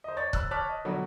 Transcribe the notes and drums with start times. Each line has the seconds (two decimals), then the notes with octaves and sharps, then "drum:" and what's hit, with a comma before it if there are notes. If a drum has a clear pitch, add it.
0.04 C5 D#5
0.17 C#5 D5 C#6 A6
0.33 B5 E6 F#6, drum: kick
0.51 C#5 A5 D6 F6 F#6 B6
0.69 D#5
0.85 B2 D3 F#3 G3 F#4